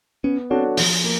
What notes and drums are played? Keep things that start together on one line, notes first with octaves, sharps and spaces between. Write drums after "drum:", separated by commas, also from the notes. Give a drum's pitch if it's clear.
B3 C#4
C4 D4 F#4 A4 C#5
F3, drum: open hi-hat
A#3